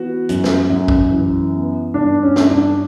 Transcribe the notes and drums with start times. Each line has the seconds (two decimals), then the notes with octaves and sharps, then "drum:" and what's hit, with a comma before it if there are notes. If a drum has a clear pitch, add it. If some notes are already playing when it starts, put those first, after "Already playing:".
Already playing: E3 B3 F#4
0.29 F#2, drum: hi-hat
0.44 drum: snare
0.70 F#2
0.88 drum: kick
1.11 E3
1.53 B3
1.94 G2 D4
2.23 C#4
2.36 G2, drum: snare
2.49 D4